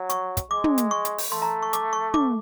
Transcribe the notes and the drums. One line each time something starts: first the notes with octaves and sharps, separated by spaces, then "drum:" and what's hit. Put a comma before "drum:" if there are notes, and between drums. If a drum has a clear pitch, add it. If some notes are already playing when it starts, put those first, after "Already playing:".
Already playing: F#3
C#6, drum: hi-hat
drum: kick, hi-hat
G#3 D6
drum: tom
drum: hi-hat
C#6
drum: hi-hat
drum: open hi-hat
A3 C6
A#5
C#6
D6, drum: hi-hat
C#6
D6, drum: tom